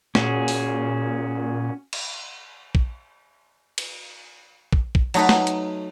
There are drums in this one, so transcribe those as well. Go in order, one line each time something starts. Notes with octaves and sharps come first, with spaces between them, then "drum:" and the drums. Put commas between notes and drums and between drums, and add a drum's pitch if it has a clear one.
A#2 C#4 F#4 G#4, drum: snare
drum: open hi-hat
drum: cymbal
drum: kick
drum: cymbal
drum: kick
drum: kick
F#3 A3 D#4 A4 B4, drum: cymbal
drum: snare
drum: hi-hat